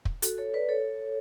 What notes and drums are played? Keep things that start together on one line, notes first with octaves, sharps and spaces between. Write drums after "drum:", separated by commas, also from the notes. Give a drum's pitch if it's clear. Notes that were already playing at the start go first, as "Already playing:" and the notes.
drum: kick
F#4 A4, drum: hi-hat
A4 C#5
B4 D5
A4 C#5